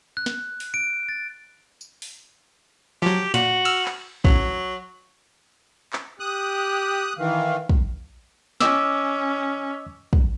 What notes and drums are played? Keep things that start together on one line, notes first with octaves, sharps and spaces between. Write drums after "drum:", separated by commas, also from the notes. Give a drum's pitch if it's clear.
F#6
drum: snare
drum: open hi-hat
D7
A6
drum: tambourine
drum: open hi-hat
F3 F#3 G4
A#2 F#4, drum: hi-hat
E6 F6, drum: cymbal
drum: clap
A1 F#3, drum: kick
drum: clap
G4 D#6 F#6
D#3 E3 F5
drum: kick
C#4 D#5 D6 E6, drum: snare
drum: kick